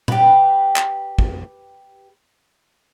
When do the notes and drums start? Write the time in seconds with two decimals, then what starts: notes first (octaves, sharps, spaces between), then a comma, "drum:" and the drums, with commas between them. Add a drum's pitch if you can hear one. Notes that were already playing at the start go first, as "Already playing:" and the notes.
0.08 G4 B4, drum: tom A#2
0.76 drum: clap
1.19 drum: kick